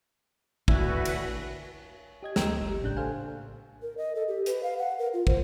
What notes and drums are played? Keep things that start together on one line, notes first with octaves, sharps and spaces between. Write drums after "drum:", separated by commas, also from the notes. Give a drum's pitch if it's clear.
D2 E4 F#4 B4, drum: kick
drum: cymbal
G4 D#5 G#6
D2 A#3 G5 A#5 E6 E7, drum: snare
G1 G4
A#1 A2 C#3 D4 F#6 G6
A4 C5 F5 G#5
A#4
D#5
A4
G4
B4, drum: hi-hat
F5
F#5
A#4
F4
C5, drum: kick